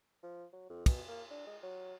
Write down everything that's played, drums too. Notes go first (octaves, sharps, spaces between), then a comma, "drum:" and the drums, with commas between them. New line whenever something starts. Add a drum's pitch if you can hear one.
F3
F#3
F2
B2, drum: kick, cymbal
A#3
D4
G#3
F#3